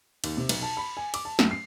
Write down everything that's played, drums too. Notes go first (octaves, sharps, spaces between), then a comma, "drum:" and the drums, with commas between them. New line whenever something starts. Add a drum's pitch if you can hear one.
D#2, drum: cymbal
C3
B1, drum: cymbal
A5
B5
G#5
D6, drum: cymbal
A5
F#2, drum: snare
C7